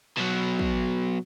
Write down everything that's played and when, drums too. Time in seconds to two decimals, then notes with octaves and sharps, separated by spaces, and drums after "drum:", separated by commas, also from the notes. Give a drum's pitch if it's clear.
0.17 B2 F#3
0.59 drum: kick